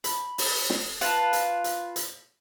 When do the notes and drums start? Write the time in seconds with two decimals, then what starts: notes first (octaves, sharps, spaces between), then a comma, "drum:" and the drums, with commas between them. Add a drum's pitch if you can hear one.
0.04 B5, drum: hi-hat
0.38 drum: open hi-hat
0.70 drum: snare
1.01 F4 B4 A5, drum: hi-hat
1.33 drum: hi-hat
1.64 drum: hi-hat
1.96 drum: hi-hat